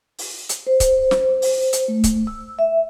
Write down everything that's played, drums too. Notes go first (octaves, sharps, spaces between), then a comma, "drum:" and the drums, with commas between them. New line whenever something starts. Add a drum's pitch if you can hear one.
drum: open hi-hat
drum: hi-hat
C5
drum: kick C#1, hi-hat
drum: snare
drum: open hi-hat
drum: hi-hat
A3
drum: kick C#1, hi-hat
E6
E5